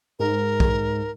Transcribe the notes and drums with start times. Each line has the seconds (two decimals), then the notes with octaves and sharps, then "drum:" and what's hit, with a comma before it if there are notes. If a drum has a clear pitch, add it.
0.19 G#2 A#4
0.60 drum: kick